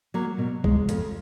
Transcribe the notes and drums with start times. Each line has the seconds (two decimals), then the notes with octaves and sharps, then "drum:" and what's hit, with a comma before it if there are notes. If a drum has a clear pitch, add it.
0.14 F#3 A#3
0.38 B2
0.64 G#3, drum: kick
0.89 F2, drum: hi-hat